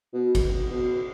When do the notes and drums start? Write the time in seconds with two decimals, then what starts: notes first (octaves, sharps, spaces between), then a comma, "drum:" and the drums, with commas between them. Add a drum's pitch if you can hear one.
0.14 B2
0.35 drum: kick G1, cymbal
0.70 B2